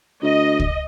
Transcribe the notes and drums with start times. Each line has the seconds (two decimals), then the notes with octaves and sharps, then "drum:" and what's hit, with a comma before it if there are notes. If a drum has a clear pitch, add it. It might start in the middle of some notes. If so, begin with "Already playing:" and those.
0.22 D2 D#5
0.60 drum: kick